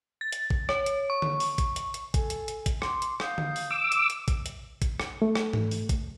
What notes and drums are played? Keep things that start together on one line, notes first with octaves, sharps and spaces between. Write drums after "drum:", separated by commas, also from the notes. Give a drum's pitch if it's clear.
A6
drum: hi-hat
drum: kick A1
C#5, drum: rim click
drum: hi-hat
C#6
drum: tom D3
drum: open hi-hat
drum: kick A1, hi-hat
drum: hi-hat
drum: hi-hat
A4 G#5, drum: kick A1, hi-hat
drum: hi-hat
drum: hi-hat
drum: kick A1, hi-hat
C6 D6, drum: rim click
drum: hi-hat
F5 D#6 G6, drum: rim click
drum: tom D3
drum: open hi-hat
D6 E6
drum: hi-hat
drum: hi-hat
drum: kick A1, hi-hat
drum: hi-hat
drum: kick A1, hi-hat
drum: rim click
A3
drum: rim click
drum: tom G#2
drum: open hi-hat
drum: kick A1, hi-hat